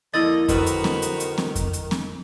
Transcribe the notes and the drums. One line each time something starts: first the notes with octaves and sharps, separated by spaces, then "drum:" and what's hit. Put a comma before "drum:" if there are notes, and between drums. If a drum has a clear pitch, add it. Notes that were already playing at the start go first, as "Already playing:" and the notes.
F2 D3 G#3 A#3 E4 D#5 A6
D3 D#3 D#4 F#4 B4 C5, drum: kick F2, hi-hat
drum: hi-hat
drum: snare C4
drum: hi-hat
drum: hi-hat
drum: snare C4
drum: kick F2, hi-hat
drum: hi-hat
drum: snare C4